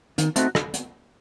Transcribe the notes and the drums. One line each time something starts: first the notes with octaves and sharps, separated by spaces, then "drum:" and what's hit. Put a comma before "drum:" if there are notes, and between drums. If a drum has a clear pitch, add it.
D#3, drum: hi-hat
A3 C4 D#4 F#4, drum: hi-hat
drum: rim click
drum: hi-hat